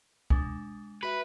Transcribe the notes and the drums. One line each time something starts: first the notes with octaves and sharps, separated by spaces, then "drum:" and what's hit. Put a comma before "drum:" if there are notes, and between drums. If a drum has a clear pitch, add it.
G#3 D4, drum: kick
F#4 B4 E5